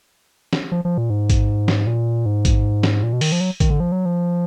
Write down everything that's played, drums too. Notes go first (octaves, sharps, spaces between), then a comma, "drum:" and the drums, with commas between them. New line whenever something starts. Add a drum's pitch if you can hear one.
drum: snare
F3
F3
A#2
G#2
drum: kick A1, hi-hat
drum: snare
A#2
G#2
drum: kick A1, hi-hat
drum: snare
A#2
B2
D#3, drum: open hi-hat
F3
F#3
D#3, drum: kick A1, hi-hat
D3
F3
F#3
F3